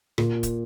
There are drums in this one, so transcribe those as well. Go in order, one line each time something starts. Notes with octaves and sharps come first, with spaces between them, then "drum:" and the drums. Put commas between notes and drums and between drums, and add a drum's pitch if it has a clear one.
A#2, drum: rim click
drum: kick, hi-hat